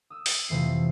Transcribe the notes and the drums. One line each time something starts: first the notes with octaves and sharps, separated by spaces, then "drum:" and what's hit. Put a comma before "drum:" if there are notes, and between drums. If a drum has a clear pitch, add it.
D#6 E6
drum: open hi-hat
F2 C3 E3 A3 C7